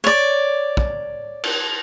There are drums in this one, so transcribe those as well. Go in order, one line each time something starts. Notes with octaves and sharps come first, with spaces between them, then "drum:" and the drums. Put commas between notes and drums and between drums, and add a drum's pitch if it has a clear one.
C#5 D5
drum: kick
drum: cymbal